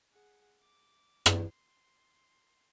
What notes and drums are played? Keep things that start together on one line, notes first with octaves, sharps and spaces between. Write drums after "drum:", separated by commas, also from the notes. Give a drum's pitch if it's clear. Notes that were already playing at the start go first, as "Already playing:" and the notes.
G#4 F#5
D6
drum: rim click
C6